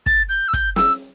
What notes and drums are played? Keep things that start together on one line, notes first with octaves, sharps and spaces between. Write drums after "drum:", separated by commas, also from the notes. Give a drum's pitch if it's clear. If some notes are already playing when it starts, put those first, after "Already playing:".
A6, drum: kick
G6
E6
G6, drum: kick, hi-hat
E6, drum: snare